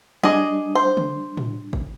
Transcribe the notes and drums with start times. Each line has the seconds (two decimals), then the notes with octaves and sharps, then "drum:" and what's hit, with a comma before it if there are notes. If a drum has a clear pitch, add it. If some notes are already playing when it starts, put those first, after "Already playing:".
0.23 G3 D4 G#4 D#5 D6
0.75 C5
0.97 drum: tom C#3
1.37 drum: tom A2
1.73 drum: kick G#1